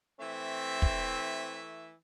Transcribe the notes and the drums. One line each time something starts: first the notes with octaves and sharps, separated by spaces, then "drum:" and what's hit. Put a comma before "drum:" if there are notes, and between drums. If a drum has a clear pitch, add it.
E3 A3 C4 E5
drum: kick